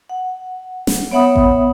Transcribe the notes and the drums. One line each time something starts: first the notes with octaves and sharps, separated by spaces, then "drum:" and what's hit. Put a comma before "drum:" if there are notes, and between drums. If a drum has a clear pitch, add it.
F#5
drum: snare
B3 C#5 E5 F#5 B5 D#6
drum: kick A1